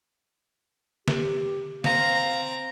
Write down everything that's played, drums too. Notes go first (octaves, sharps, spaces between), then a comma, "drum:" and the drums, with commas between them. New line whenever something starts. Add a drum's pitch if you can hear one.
G4, drum: snare
C4 F5 A#5, drum: snare